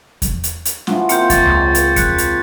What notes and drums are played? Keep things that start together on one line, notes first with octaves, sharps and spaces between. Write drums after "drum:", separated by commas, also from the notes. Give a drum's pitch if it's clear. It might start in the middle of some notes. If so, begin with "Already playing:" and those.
drum: kick E2, hi-hat
drum: hi-hat
drum: hi-hat
E3 F3 F#4, drum: snare
A#3 C4 F4 G6 C#7, drum: hi-hat
C#6 A6, drum: kick E2, hi-hat
C#2
drum: hi-hat
F#6 B6 C#7, drum: kick E2, hi-hat
drum: hi-hat